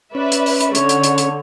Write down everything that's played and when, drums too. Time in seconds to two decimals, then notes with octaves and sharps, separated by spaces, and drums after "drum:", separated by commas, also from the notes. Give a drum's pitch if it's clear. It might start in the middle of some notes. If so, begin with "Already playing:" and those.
0.15 C#4 B4 D5 E5
0.32 drum: hi-hat
0.46 drum: open hi-hat
0.60 drum: hi-hat
0.75 D3 C#5, drum: hi-hat
0.89 drum: hi-hat
1.03 drum: hi-hat
1.18 drum: hi-hat